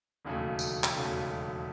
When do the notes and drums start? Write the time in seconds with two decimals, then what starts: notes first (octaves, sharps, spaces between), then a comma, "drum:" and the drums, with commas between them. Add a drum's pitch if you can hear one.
0.25 E1 D#2 C#3 F#3 A3
0.59 drum: tambourine
0.84 drum: clap
0.95 E1 D#2 C#3 F#3 A3